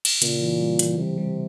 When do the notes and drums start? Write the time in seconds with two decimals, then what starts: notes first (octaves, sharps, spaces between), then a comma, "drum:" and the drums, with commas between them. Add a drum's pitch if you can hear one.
0.05 drum: cymbal
0.22 A#2 C#3, drum: hi-hat
0.41 E3
0.61 G3
0.79 E3, drum: hi-hat
0.98 C3 G3
1.18 G3